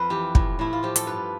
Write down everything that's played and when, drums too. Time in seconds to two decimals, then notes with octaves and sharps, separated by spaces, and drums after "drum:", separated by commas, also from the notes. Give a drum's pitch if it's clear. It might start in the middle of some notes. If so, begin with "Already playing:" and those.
Already playing: F2 B4
0.10 E3 G4
0.35 A2, drum: kick
0.59 A2 E4
0.73 F4
0.83 F3 G4
0.96 A4, drum: hi-hat
1.06 G2 B4